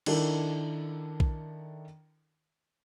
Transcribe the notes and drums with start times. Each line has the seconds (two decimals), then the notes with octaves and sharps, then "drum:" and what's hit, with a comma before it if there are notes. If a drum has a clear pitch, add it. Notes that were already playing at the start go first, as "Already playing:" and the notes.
0.06 D#3 D4 E4 A4 A#4, drum: cymbal
1.20 drum: kick B1